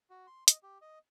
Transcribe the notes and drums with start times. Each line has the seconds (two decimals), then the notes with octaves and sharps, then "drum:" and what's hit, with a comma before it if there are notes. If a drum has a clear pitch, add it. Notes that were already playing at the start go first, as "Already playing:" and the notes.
0.10 F#4
0.27 C6
0.48 D#5, drum: hi-hat
0.63 G4
0.82 D#5